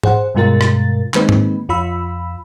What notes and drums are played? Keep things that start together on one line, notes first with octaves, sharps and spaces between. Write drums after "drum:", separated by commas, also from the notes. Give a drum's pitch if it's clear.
G#4 C5 F#5, drum: tom G#2
G2 B2 G#3 F4 A#4 A6
drum: rim click
D#3 G#3 A#3 C4 D#4 B4, drum: clap
drum: tom G#2
F2 F4 B5 E6